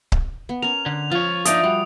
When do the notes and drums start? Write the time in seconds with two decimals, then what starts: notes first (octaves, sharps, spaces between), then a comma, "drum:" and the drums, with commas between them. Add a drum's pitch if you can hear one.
0.12 drum: kick C#1
0.49 B3
0.62 C#4 A#4 F7
0.86 D3
1.11 F3 F4 C#5
1.45 F3 D4 D#4 D5 E5 D#6 D7, drum: hi-hat
1.64 G3 F#4